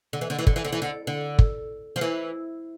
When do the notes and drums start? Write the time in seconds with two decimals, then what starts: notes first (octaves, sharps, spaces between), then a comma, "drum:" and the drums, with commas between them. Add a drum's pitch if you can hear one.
0.13 D3
0.21 E3
0.30 D3
0.39 E3
0.47 D3, drum: kick
0.56 E3
0.65 D3
0.72 E3
0.82 D3
1.07 D3
1.39 drum: kick
1.96 F3
2.01 E3